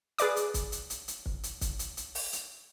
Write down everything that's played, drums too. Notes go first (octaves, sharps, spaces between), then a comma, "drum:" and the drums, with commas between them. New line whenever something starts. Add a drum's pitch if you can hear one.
G#4 B4 D5 D6, drum: hi-hat
drum: hi-hat
drum: kick, hi-hat
drum: hi-hat
drum: hi-hat
drum: hi-hat
drum: kick
drum: hi-hat
drum: kick, hi-hat
drum: hi-hat
drum: hi-hat
drum: open hi-hat
drum: hi-hat